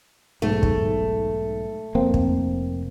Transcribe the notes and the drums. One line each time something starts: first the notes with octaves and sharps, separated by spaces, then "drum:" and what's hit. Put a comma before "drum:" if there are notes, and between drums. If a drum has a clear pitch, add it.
B1 G#2 A3
drum: kick
F1 A#3 C4
drum: kick